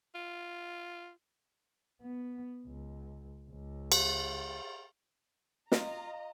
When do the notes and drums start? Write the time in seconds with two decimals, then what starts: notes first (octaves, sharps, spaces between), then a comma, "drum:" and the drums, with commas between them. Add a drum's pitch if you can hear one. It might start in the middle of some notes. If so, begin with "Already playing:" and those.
0.15 F4
2.02 B3
2.67 C#2
3.51 C#2
3.92 drum: cymbal
5.72 F4 D#5 A#5, drum: snare